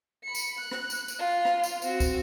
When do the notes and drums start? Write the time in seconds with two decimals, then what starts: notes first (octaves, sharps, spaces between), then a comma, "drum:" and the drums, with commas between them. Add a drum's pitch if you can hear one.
0.24 B5 C#7
0.35 drum: tambourine
0.59 F#6
0.71 drum: rim click
0.90 drum: tambourine
1.08 drum: tambourine
1.19 F4
1.45 drum: rim click
1.63 drum: tambourine
1.82 C4 F#4, drum: tambourine
2.00 drum: kick, tambourine